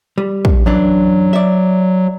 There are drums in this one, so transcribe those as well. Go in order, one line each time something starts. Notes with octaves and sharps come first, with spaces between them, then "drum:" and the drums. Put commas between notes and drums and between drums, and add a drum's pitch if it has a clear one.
G3
drum: kick
F#2 E3 F#3 D4
D5 E5